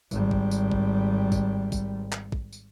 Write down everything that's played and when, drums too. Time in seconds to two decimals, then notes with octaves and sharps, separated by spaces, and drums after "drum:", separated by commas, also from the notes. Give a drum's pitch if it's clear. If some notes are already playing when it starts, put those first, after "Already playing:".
0.11 G#1 G3, drum: tambourine
0.31 drum: kick
0.51 drum: tambourine
0.72 drum: kick
1.32 drum: kick, tambourine
1.72 drum: kick, tambourine
2.12 drum: clap
2.32 drum: kick
2.53 drum: tambourine